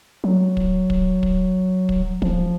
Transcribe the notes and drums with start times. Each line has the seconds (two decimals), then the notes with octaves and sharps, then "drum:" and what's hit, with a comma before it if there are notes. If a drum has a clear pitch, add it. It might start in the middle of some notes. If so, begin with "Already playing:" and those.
0.24 F#3
0.57 drum: kick
0.90 drum: kick
1.23 drum: kick
1.89 drum: kick
2.22 F3, drum: kick